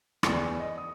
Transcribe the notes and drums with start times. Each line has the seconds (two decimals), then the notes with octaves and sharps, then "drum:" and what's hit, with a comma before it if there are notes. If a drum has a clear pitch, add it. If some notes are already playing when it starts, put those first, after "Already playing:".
0.23 E2 D5 C#6 C#7, drum: rim click
0.60 D#5
0.78 D#6